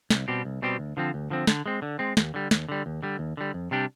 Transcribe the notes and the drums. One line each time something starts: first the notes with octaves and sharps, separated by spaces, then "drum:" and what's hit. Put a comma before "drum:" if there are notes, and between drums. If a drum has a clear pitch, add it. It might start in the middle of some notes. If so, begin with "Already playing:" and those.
C2, drum: snare
B2 G3 C4 G4
C2
B2 G3 C4 G4
D2
D3 F3 C4
D2
D3 F3 C4
D3, drum: snare
G#3 C4
D3
G#3 C4
D#2, drum: snare
D3 G3
D#2, drum: snare
D3 G3
D#2
D3 G3
D#2
D3 G3
F2
C3 G3 D4 G4